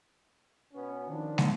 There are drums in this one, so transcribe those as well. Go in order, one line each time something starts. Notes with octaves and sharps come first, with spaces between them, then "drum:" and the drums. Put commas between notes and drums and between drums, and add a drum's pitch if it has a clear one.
B2 B3 C#4
D#3 F3 D4
drum: snare